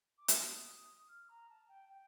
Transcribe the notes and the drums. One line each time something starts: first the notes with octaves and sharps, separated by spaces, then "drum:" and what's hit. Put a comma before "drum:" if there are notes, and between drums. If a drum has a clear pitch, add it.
D6
D#6, drum: hi-hat
F6
A#5
A5
G5
G5